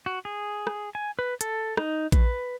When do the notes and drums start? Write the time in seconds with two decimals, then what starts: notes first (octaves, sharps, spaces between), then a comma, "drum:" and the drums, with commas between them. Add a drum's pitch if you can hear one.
0.06 F#4
0.25 G#4
0.67 drum: rim click
0.95 G#5
1.19 B4
1.41 A4, drum: hi-hat
1.77 D#4, drum: rim click
2.12 B4, drum: kick A#1, hi-hat